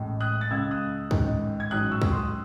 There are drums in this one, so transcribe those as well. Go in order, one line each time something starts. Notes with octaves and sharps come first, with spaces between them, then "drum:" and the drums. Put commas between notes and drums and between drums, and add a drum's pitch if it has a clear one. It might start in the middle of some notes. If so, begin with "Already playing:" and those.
Already playing: A1 A2 G#3
D#6 F#6
A6
C#2 C#3 G#3 E6 G#6
D#6 F#6
A1 G#2 D#3 G#3, drum: kick
G#6
A1 G#2 F#3 D#6 F#6
C#6 E6
drum: kick
C6 D#6